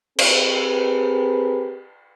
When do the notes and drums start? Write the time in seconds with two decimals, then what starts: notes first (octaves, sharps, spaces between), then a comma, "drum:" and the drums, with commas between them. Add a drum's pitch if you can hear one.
0.19 C4 G4 G#4 A#4 B4, drum: cymbal